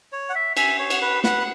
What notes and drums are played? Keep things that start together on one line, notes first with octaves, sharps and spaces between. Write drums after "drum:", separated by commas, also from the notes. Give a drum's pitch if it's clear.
C#5
F#5
E5
E5 G#5, drum: cymbal
C#5
F#5, drum: cymbal
B4
B4 F#5, drum: snare